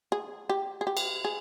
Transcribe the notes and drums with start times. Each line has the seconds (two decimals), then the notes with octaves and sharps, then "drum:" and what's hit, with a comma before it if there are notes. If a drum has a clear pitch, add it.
0.12 G#4
0.49 G4
0.81 G#4
0.87 G4
0.97 drum: cymbal
1.25 G#4